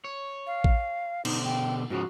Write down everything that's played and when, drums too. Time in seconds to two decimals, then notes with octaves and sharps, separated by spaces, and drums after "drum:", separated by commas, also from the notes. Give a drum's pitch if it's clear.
0.04 C#5
0.47 F5
0.64 drum: kick A1
1.25 B2 D3 D#4 C5, drum: cymbal
1.44 G5
1.90 G#2 C#3 F3 F#4